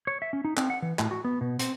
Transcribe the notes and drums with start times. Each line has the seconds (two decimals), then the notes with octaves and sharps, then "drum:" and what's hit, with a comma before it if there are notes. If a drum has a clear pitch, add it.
0.07 C#5
0.22 E5
0.33 C#4
0.45 D#4
0.57 C4, drum: clap
0.70 F#5
0.82 E3
0.99 A2, drum: clap
1.11 F#4
1.25 B3
1.41 B2
1.59 C4, drum: hi-hat